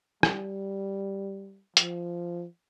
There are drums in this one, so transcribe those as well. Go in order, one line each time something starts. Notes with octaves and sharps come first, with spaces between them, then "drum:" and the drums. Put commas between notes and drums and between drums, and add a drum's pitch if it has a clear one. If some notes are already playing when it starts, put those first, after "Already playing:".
G3, drum: rim click
F3, drum: hi-hat